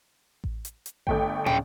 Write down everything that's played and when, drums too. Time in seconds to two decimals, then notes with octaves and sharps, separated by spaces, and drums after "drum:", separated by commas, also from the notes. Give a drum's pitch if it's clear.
0.44 drum: kick A1
0.65 drum: hi-hat
0.86 drum: hi-hat
1.07 G1 A3 G5, drum: kick A1
1.46 C#3 G5, drum: tom